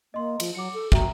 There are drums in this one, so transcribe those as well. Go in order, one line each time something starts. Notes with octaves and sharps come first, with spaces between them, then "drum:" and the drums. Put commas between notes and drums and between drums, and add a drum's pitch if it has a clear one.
A#3 D#5 C6
F3, drum: cymbal
F#3 D6 C#7
A4
F#4 E5 G5 A#5, drum: kick